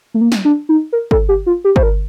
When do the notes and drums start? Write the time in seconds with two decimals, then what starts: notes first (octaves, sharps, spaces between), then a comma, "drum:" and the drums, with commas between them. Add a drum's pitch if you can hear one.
0.14 A3
0.21 A#3
0.32 drum: snare
0.45 D4
0.69 D#4
0.93 A#4
1.11 A4, drum: kick
1.29 G4
1.46 F4
1.64 G4
1.76 C5, drum: kick
1.83 A#4